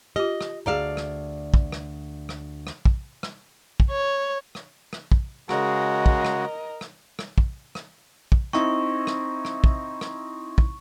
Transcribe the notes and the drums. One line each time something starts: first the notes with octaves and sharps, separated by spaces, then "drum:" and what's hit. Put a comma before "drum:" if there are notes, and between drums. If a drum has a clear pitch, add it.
F4 G4 D#5
drum: rim click
D2 G#4 D5 F5 A#5
drum: rim click
drum: kick
drum: rim click
drum: rim click
drum: rim click
drum: kick
drum: rim click
drum: kick
C#5
drum: rim click
drum: rim click
drum: kick
C#3 G#3 F#4 A#4 D#5, drum: rim click
drum: kick
drum: rim click
drum: rim click
drum: rim click
drum: kick
drum: rim click
drum: kick
C4 D#4 E4 C#6, drum: rim click
drum: rim click
drum: rim click
drum: kick
drum: rim click
drum: kick